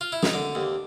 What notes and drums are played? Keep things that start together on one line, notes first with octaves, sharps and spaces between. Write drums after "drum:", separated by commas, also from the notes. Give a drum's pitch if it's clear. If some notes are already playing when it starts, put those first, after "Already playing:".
F4
E4
D#4, drum: snare
D3 D4
D#2